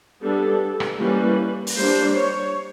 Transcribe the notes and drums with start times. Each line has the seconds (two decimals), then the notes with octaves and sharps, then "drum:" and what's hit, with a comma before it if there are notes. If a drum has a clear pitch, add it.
0.23 G3 B3 D4 A4
0.80 drum: rim click
0.99 E3 G3 A#3 C#4 B4
1.67 drum: open hi-hat
1.77 G3 A#3 D4 C5
2.15 C#5